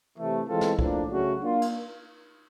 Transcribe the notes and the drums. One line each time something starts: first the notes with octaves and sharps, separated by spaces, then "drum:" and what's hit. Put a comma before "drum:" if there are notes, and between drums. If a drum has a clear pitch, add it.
C3 E3 A3
E3 G#3 C4 F4 A4
drum: snare
A2 F3 A#3 D4, drum: kick C2
C#3 F#3 A3 C#4 F#4
A#3 D4 F4
drum: cymbal